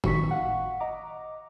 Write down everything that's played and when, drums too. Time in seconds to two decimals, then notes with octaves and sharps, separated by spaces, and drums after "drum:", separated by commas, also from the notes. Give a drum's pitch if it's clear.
0.04 G#1 D#3 C#6 B6, drum: tom A2
0.29 F5 F#5 C#6
0.80 D#5 A#5 D6